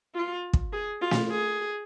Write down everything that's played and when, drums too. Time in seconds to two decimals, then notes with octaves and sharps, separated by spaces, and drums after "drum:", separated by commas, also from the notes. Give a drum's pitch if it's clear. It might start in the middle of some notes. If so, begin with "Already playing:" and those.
0.15 F4
0.53 drum: kick
0.73 G#4
1.02 F4
1.11 drum: snare
1.31 G#4